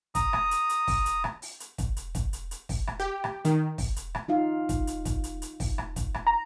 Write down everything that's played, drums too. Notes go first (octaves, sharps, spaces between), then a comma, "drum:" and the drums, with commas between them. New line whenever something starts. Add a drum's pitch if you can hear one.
A#5 D#6, drum: kick, hi-hat
drum: rim click
drum: hi-hat
drum: hi-hat
drum: kick, open hi-hat
drum: hi-hat
drum: rim click
drum: open hi-hat
drum: hi-hat
drum: kick, hi-hat
drum: hi-hat
drum: kick, hi-hat
drum: hi-hat
drum: hi-hat
drum: kick, open hi-hat
drum: rim click
G4
drum: rim click
D#3, drum: hi-hat
drum: kick, open hi-hat
drum: hi-hat
drum: rim click
D#4 F4 F5
drum: kick, hi-hat
drum: hi-hat
drum: kick, hi-hat
drum: hi-hat
drum: hi-hat
drum: kick, open hi-hat
drum: rim click
drum: kick, hi-hat
drum: rim click
A#5